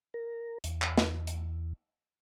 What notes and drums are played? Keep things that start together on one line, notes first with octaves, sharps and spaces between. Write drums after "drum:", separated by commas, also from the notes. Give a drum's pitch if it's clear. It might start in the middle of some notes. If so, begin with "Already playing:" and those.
A#4
E2, drum: hi-hat
drum: clap
drum: snare
drum: hi-hat